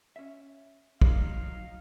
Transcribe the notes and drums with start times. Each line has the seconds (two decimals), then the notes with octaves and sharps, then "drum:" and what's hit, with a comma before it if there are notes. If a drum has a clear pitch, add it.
0.16 C#4 E5
1.02 F3 F#3 D#4 F4 F5, drum: kick